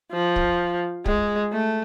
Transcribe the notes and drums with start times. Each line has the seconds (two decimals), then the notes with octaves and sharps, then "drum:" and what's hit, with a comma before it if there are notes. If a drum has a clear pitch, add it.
0.12 F3
0.36 drum: kick
1.06 G#3, drum: kick
1.52 A3